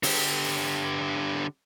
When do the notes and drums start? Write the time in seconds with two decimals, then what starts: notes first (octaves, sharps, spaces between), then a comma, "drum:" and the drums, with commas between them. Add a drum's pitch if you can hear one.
0.03 D3 G4, drum: open hi-hat